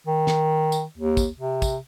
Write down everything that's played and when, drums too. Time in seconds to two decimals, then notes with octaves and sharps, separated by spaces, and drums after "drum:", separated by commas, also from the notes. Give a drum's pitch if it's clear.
0.07 D#3
0.27 drum: snare
0.72 drum: tambourine
0.97 D#2
1.17 drum: kick, tambourine
1.40 C3
1.62 drum: kick, tambourine